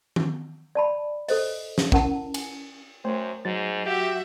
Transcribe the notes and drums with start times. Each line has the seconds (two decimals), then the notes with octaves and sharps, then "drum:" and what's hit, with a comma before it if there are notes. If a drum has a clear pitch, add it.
0.16 drum: tom D#3
0.75 D5 A5 B5
1.29 A4 C5 D#5, drum: open hi-hat
1.78 drum: snare
1.92 C#4 E4 A#4 F#5 A5, drum: kick
2.34 G#5, drum: cymbal
3.05 F#2 A3 C5
3.45 G#2 F#3 A6
3.86 F#4 G4 E5